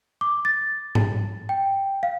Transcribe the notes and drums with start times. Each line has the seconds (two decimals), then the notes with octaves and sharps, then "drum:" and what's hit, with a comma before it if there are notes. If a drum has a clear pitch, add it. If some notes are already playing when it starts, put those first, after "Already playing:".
0.21 D6
0.45 A6
0.95 drum: tom G#2
1.49 G5
2.03 F5